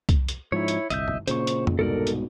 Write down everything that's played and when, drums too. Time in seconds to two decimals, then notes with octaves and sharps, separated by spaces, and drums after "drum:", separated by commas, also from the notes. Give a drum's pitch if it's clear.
0.09 drum: kick C2, hi-hat
0.28 drum: hi-hat
0.52 G#2 F3 E4 C#5
0.68 drum: hi-hat
0.90 G1 C2 D#5 E5 G6, drum: hi-hat
1.08 drum: tom G2
1.28 A#2 C#3 C5 C#6, drum: hi-hat
1.47 drum: hi-hat
1.67 drum: tom F2
1.79 C2 G#2 B2 A4 A#4 D5
2.07 drum: hi-hat